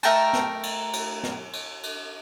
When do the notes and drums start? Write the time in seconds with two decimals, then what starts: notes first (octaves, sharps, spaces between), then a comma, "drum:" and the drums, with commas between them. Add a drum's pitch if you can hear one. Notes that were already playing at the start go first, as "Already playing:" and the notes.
0.03 A3 A#4 G5 A5, drum: cymbal
0.33 drum: snare
0.63 drum: cymbal
0.93 drum: cymbal
1.23 drum: snare
1.53 drum: cymbal
1.83 drum: cymbal